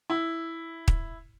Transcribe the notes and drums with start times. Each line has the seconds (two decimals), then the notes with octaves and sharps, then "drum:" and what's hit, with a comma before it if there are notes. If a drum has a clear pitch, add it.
0.10 E4
0.88 drum: kick